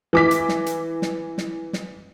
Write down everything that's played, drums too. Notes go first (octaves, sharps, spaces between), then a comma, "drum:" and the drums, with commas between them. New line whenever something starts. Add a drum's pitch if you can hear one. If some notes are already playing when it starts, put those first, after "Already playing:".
E3 D6 B6
drum: hi-hat
drum: snare
drum: hi-hat
drum: snare
drum: snare
drum: snare